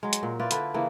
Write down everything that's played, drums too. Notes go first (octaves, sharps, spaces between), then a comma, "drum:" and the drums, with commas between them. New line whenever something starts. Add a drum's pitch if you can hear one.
F#3 G#3
drum: hi-hat
A#2
E4 F4 B4 D5
D3 B4, drum: hi-hat
C#3 E3 A#3